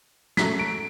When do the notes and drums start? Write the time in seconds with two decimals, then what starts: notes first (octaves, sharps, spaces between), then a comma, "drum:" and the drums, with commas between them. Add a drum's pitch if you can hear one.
0.37 F#2 F#3 A3 B6, drum: snare
0.59 D7